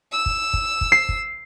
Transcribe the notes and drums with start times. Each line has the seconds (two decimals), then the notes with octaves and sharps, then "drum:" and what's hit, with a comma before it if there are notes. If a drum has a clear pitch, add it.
0.12 E6
0.26 drum: kick
0.54 drum: kick
0.81 drum: kick
0.92 C7
1.09 drum: kick